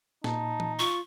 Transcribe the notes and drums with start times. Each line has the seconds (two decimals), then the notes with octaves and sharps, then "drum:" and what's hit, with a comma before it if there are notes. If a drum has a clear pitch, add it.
0.24 A#2 D#4 A5, drum: snare
0.60 drum: tom E3
0.79 F4 C#6